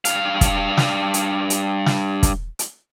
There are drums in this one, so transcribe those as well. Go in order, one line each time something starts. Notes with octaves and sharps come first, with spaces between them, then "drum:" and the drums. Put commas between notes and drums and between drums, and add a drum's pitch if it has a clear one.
G2 F5, drum: hi-hat
drum: kick, hi-hat
drum: snare
drum: hi-hat
drum: hi-hat
drum: snare
drum: kick, hi-hat
drum: hi-hat